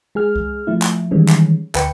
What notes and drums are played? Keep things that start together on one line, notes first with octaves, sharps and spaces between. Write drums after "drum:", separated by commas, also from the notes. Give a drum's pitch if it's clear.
G#3 G#4 F6
drum: kick C2
F3 A3 E4
drum: clap
D#3 E3 G3 G#3 C#4
drum: clap
D2 B4 G5 C#7, drum: clap